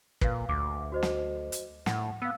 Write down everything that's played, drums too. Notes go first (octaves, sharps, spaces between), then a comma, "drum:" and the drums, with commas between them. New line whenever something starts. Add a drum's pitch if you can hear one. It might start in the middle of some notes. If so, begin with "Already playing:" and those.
A#2 B4 F5, drum: kick
D2 D6
F#4 C5 D#5
drum: snare
drum: hi-hat
A2 F#5, drum: snare
B3 F5 E6